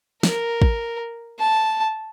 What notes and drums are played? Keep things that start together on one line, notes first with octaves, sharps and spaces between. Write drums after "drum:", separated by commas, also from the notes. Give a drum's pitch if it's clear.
A#4, drum: snare
drum: kick
A5